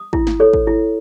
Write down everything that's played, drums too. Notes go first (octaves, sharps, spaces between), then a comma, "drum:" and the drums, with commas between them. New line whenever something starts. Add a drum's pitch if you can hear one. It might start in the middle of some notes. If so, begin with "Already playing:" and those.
Already playing: D#6
E4, drum: kick
drum: snare
A4 C#5
drum: kick
E4